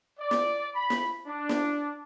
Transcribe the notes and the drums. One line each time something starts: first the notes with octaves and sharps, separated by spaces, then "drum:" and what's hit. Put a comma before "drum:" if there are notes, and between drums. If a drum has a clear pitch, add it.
D5
drum: snare
B5
drum: snare
D4
drum: snare